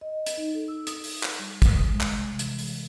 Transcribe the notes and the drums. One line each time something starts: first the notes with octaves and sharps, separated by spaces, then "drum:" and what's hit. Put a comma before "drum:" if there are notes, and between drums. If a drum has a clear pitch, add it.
D#5
drum: hi-hat
D#4
A4
E6
D#6, drum: hi-hat
drum: open hi-hat
drum: clap
G3
drum: kick, hi-hat
D#6
G#3
drum: clap
C3
E3, drum: hi-hat
drum: open hi-hat